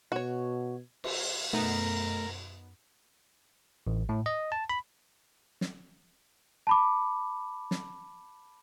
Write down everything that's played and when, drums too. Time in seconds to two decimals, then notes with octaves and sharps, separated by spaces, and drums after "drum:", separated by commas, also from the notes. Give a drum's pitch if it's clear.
0.12 B2 F#4 C#5
1.04 drum: cymbal
1.53 F#2 B2 A3 B3 D#4 A#4
3.87 A1
4.09 A2
4.26 D#5
4.52 A5
4.70 B5
5.61 drum: snare
6.67 A5 B5 D6
7.71 drum: snare